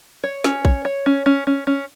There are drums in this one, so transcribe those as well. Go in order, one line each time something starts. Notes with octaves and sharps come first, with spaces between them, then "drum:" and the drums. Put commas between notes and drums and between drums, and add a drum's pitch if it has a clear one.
C#5
C#4, drum: snare
C#5, drum: kick
C#5
C#4
C#4
C#4
C#4